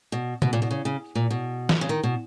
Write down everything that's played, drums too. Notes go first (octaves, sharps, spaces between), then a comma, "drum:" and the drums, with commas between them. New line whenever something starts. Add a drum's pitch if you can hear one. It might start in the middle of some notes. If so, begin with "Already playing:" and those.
B2
B2, drum: tom C3
A#2
B2
C#3
C#3
A#2
B2
drum: snare
C#3
D#3
B2